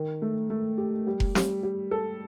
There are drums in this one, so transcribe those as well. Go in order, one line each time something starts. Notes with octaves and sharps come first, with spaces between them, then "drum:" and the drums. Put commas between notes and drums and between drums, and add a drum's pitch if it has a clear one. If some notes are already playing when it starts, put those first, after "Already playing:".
Already playing: D#3
A3
A3
G4
G3
drum: kick F1
G3, drum: snare
G3
A4